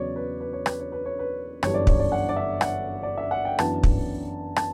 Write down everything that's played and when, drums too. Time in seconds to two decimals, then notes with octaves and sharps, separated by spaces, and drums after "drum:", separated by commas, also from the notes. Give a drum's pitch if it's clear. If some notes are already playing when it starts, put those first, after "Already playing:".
Already playing: E2 C#3 F#3 C#5 D5
0.16 B4
0.40 B4
0.53 C#5
0.66 B4, drum: rim click
0.80 C#5
0.92 B4
1.05 C#5
1.19 B4
1.63 G1 F#2 E3 G3 D4 C#5, drum: rim click
1.74 D5
1.87 C#5, drum: kick
1.99 D5
2.12 F#5
2.29 D5
2.36 E5
2.61 F#5, drum: rim click
3.03 D5
3.17 E5
3.31 F#5
3.45 G5
3.59 F#2 E3 B3 D4 A5, drum: rim click
3.83 drum: kick
4.56 A5, drum: rim click